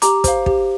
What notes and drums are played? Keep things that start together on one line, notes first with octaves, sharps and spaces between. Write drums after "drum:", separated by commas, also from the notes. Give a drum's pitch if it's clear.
G4 A#5 D6, drum: hi-hat
C5 F5, drum: kick, hi-hat
G4, drum: kick